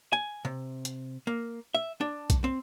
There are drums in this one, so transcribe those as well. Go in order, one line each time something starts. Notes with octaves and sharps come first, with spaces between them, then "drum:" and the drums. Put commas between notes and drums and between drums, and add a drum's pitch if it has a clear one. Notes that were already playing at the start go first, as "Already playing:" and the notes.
G#5
C3
drum: hi-hat
A#3
E5
D4
drum: kick B1, hi-hat
C4